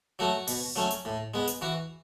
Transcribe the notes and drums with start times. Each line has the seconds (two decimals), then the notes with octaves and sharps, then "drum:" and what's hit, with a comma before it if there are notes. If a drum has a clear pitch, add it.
0.19 F#3 A3 F#4
0.47 B2, drum: open hi-hat
0.76 F#3 A3 C#4
0.91 drum: hi-hat
1.05 A2
1.34 G#3 B3
1.47 drum: hi-hat
1.61 E3 F#4